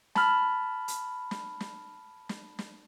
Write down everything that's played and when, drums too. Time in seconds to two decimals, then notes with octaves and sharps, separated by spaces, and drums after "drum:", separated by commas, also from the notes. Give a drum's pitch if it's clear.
0.15 A5 B5 F6, drum: snare
0.88 drum: hi-hat
1.31 drum: snare
1.60 drum: snare
2.29 drum: snare
2.59 drum: snare